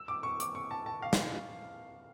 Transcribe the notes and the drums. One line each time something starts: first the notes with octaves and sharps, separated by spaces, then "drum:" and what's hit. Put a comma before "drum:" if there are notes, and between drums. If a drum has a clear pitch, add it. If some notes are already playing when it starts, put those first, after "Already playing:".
Already playing: E6
D6
C#6
D6, drum: hi-hat
C#6
A5
A5
F5
drum: snare